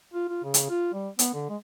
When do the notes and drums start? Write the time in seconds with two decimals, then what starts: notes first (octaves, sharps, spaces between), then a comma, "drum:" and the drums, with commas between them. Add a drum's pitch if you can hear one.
0.14 F4
0.29 F4
0.44 C#3
0.54 drum: hi-hat
0.70 F4
0.94 G3
1.19 B3, drum: hi-hat
1.34 D3
1.49 G#3